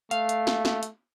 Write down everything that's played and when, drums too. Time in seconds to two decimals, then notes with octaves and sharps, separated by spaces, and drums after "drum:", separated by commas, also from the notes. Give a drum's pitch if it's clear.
0.11 A3 F5, drum: hi-hat
0.29 drum: hi-hat
0.47 drum: snare
0.65 drum: snare
0.83 drum: hi-hat